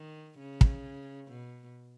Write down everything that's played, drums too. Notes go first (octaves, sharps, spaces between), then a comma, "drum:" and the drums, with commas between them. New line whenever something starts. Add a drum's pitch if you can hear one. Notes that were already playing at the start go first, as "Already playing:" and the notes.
Already playing: D#3
C#3
drum: kick
B2